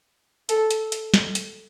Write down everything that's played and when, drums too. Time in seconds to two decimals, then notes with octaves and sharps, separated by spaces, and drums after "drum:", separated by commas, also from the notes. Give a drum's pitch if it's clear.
0.49 A4, drum: hi-hat
0.71 drum: hi-hat
0.92 drum: hi-hat
1.14 drum: snare
1.35 drum: hi-hat